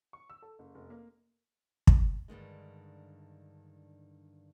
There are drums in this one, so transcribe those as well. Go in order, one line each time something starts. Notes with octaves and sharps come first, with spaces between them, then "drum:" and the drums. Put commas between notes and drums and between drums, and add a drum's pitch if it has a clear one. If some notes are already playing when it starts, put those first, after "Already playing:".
C#6
E6
A4
F#1
F1
A#3
drum: kick
G2 D3 D#3 G#3